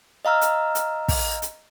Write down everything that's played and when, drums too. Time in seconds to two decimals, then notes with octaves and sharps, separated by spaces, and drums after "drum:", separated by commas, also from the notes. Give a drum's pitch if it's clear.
0.25 D#5 F5 A#5 E6 F6
0.41 drum: hi-hat
0.75 drum: hi-hat
1.08 drum: kick, open hi-hat
1.42 drum: hi-hat